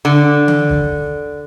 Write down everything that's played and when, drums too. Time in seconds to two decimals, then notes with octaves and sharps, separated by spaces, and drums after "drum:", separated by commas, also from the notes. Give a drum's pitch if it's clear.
0.05 D3
0.48 drum: tom D3
0.69 drum: kick